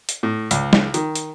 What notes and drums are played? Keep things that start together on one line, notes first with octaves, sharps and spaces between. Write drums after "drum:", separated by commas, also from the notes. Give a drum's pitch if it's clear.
drum: hi-hat
A2
C#2, drum: hi-hat
drum: snare
D#3, drum: hi-hat
drum: hi-hat